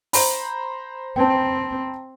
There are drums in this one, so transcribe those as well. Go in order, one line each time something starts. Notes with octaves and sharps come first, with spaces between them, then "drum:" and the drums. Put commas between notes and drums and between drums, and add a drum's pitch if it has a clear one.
C5 A#5 B5, drum: open hi-hat
C4 G5 A5